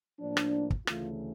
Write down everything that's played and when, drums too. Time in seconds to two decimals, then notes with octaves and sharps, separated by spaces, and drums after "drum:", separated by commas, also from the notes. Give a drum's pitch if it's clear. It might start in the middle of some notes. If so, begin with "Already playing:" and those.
0.19 A2 F3 A#3 D4
0.37 drum: rim click
0.70 drum: kick
0.87 D2 C#3 E3 A3 F4, drum: rim click